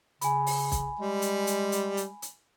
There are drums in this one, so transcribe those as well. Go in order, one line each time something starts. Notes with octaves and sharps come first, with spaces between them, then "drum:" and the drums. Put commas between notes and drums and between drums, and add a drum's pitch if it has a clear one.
C#3 G#5 B5, drum: hi-hat
drum: open hi-hat
drum: kick B1, hi-hat
G3 G#3
drum: hi-hat
drum: hi-hat
drum: hi-hat
drum: hi-hat
drum: hi-hat